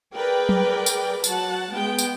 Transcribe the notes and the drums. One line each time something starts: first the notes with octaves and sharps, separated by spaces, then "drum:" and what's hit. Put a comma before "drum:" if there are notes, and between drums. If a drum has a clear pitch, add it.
G#4 A#4 B4 D5 G5
drum: tom F#3
drum: tambourine
F#3 F#5 A5, drum: tambourine
G#3 B3 G5
drum: tambourine